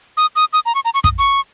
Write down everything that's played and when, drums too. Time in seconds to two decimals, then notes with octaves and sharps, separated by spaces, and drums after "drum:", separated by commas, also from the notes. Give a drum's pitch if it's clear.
0.17 D#6
0.36 D#6
0.53 D#6
0.66 A#5
0.75 C#6
0.85 A#5
0.94 C#6
1.04 D#6, drum: kick
1.19 C#6